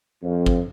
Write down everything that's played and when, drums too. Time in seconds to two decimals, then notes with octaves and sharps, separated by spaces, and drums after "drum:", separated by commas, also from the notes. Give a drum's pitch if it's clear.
0.23 F2
0.46 drum: kick